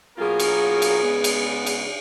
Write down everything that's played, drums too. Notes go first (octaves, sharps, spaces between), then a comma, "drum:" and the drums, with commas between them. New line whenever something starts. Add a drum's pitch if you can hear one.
B2 F#3 A#3 F4 G#4 A#4
drum: cymbal
drum: cymbal
C#3 G#3 B3
drum: cymbal
drum: cymbal